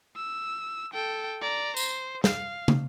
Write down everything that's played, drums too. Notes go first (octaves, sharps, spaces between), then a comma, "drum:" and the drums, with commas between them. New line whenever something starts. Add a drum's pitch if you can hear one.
E6
A4 G5
D5 A#5
C5, drum: tambourine
F5, drum: snare
drum: tom